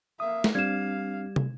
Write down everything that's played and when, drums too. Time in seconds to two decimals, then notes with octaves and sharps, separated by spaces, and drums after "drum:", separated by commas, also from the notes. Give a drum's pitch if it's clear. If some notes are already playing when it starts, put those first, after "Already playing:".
0.20 A#3 E5 D#6
0.44 drum: snare
0.55 G3 C4 D4 F5 G#6 E7
1.36 drum: tom